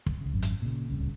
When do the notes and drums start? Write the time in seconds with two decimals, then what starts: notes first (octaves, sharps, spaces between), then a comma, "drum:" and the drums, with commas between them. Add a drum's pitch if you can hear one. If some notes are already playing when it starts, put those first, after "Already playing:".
0.06 drum: kick
0.21 C#2 C#3
0.33 G#1 F#2
0.42 drum: hi-hat
0.62 A#2 C#3
0.89 D1 C2 C#3